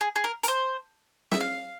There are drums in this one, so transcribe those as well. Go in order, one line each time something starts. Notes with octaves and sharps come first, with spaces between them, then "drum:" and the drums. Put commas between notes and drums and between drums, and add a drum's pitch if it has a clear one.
G#4
G#4
A#4
A#4, drum: hi-hat
C5
E5, drum: snare
F5